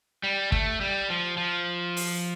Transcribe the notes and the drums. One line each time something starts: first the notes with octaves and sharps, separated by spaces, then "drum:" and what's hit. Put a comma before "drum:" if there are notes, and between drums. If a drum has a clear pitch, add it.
G3
A3, drum: kick
G3
F3
F3
drum: open hi-hat